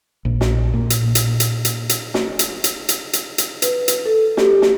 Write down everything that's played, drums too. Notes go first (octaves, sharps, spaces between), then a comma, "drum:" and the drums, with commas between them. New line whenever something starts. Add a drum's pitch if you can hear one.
A#1
drum: snare
A#2
drum: hi-hat
drum: hi-hat
drum: hi-hat
drum: hi-hat
drum: hi-hat
drum: snare
drum: hi-hat
drum: hi-hat
drum: hi-hat
drum: hi-hat
drum: hi-hat
B4, drum: hi-hat
drum: hi-hat
A4
G4, drum: snare
drum: snare